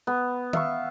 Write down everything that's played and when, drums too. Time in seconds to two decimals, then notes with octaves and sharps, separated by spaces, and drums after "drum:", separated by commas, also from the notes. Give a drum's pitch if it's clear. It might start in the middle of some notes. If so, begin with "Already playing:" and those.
0.07 B3
0.53 E5 F5 C#6, drum: tom D#3